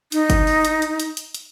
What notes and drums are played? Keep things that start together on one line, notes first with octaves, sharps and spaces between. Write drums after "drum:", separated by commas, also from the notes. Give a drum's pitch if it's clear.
D#4, drum: hi-hat
drum: kick G1, hi-hat
drum: open hi-hat
drum: hi-hat
drum: hi-hat
drum: hi-hat
drum: hi-hat
drum: hi-hat